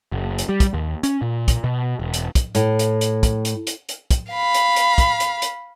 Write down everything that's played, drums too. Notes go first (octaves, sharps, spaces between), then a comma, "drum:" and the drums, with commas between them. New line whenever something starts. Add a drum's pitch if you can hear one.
F#1
drum: hi-hat
G3
drum: kick, hi-hat
D#2
C#4, drum: hi-hat
A#2
drum: kick, hi-hat
B2
E1
drum: hi-hat
drum: kick, hi-hat
A2, drum: hi-hat
drum: hi-hat
drum: hi-hat
drum: kick, hi-hat
drum: hi-hat
drum: hi-hat
drum: hi-hat
drum: kick, hi-hat
F5 B5
drum: hi-hat
drum: hi-hat
drum: kick, hi-hat
drum: hi-hat
drum: hi-hat